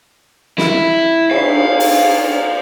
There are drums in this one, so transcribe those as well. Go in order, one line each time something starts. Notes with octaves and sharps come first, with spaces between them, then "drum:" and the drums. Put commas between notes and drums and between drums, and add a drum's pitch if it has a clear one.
E4, drum: snare
F5, drum: cymbal
drum: open hi-hat